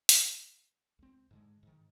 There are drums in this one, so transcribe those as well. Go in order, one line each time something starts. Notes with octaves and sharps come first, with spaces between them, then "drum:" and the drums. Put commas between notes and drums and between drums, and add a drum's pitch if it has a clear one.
drum: hi-hat
C#2 C4
G#2 D3 G#3
G#2 D#3